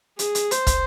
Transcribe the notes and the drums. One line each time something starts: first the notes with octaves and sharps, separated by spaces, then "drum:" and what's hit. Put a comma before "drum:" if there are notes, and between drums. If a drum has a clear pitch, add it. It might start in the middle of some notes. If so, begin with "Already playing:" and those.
G#4, drum: hi-hat
drum: hi-hat
C5, drum: hi-hat
drum: kick, hi-hat